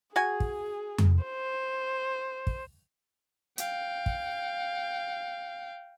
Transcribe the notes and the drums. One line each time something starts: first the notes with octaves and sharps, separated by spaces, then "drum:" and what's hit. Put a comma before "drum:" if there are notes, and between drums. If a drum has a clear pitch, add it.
F#4 G#4 G#5
drum: kick
drum: tom F2
C5
drum: kick
F5 G5, drum: hi-hat
drum: kick